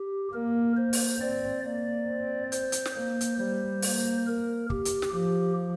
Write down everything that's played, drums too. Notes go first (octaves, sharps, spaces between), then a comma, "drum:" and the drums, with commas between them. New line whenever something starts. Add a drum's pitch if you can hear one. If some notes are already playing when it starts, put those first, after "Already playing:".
Already playing: G4
A#3 A#4
C5
drum: open hi-hat
C4 D5
A#3 D5
C4
C5, drum: hi-hat
drum: hi-hat
drum: snare
A#3 C5
drum: hi-hat
G3 C5
A#3, drum: open hi-hat
A#4
G4, drum: kick
drum: hi-hat
drum: snare
F3 G4